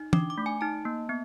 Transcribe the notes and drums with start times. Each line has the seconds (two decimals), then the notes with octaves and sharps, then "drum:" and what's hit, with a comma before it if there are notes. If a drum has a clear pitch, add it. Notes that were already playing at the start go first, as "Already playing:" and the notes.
Already playing: D#4
0.13 D4 D6, drum: tom E3
0.30 D6
0.38 A3
0.46 G#5
0.61 D#4 A5
0.85 A#3
1.09 B3